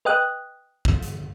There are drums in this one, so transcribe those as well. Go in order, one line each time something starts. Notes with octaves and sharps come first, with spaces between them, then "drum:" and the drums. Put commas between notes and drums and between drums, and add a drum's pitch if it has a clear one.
B4 D#5 G5 D#6 F#6
drum: kick
drum: hi-hat